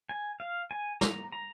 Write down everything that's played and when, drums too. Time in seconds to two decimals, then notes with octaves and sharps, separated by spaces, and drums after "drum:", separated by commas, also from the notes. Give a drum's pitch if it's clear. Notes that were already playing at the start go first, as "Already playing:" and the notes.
0.09 G#5
0.40 F5
0.71 G#5
1.01 A#5, drum: snare
1.32 A#5